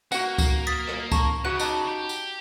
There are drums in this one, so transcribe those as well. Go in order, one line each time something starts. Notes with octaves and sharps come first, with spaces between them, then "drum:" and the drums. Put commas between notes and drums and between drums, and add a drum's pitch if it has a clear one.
A#3 F#4 F#5, drum: tambourine
drum: kick C#2, tambourine
D#6 A6 B6
drum: rim click
A5 A#5 C#6, drum: kick C#2, tambourine
C#3 F#4 F#5 F#6
D#4 A5 D6, drum: tambourine
G4
drum: tambourine